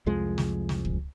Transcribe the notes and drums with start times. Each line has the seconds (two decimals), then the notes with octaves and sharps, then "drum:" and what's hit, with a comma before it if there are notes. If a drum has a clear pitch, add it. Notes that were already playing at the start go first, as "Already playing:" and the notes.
0.06 C2 F2 F3 G#3
0.38 drum: snare
0.69 drum: snare
0.85 drum: kick